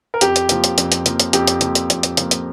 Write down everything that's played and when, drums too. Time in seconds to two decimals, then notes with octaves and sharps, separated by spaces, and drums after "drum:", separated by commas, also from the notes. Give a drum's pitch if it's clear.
0.14 A#4
0.21 F2 G4, drum: hi-hat
0.36 drum: hi-hat
0.49 F3 A#3, drum: hi-hat
0.64 drum: hi-hat
0.78 F2, drum: hi-hat
0.92 drum: hi-hat
1.06 F3 A#3, drum: hi-hat
1.20 drum: hi-hat
1.33 F2 G4, drum: hi-hat
1.47 drum: hi-hat
1.61 F3 A#3, drum: hi-hat
1.75 drum: hi-hat
1.90 F2, drum: hi-hat
2.03 drum: hi-hat
2.17 F3 A#3, drum: hi-hat
2.31 drum: hi-hat